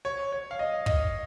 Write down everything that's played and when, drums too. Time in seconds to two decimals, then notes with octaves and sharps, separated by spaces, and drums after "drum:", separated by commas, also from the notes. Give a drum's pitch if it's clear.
0.05 C#5
0.32 C#5
0.51 F5
0.59 D#5
0.86 D#5, drum: kick